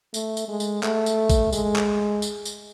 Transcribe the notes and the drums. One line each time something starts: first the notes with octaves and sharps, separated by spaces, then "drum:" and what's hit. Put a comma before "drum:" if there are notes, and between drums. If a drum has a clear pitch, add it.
A3, drum: tambourine
drum: tambourine
G#3
drum: tambourine
A3, drum: clap
drum: tambourine
drum: kick A#1, tambourine
G#3, drum: tambourine
drum: clap
drum: tambourine
drum: tambourine